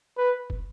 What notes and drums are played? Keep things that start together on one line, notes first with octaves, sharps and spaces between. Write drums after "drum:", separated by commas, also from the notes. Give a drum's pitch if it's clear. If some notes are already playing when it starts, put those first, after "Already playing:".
B4
drum: kick